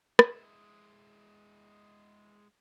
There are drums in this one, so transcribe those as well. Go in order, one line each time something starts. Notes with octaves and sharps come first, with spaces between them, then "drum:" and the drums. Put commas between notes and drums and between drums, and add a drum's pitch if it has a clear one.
G#3 E4, drum: rim click